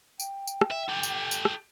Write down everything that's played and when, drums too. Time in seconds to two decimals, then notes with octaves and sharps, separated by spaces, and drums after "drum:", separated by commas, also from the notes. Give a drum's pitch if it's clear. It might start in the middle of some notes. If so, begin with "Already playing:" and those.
0.20 G5, drum: tambourine
0.47 drum: tambourine
0.61 drum: rim click
0.71 E5
0.88 G4 A4
1.03 drum: tambourine
1.31 drum: tambourine
1.45 drum: rim click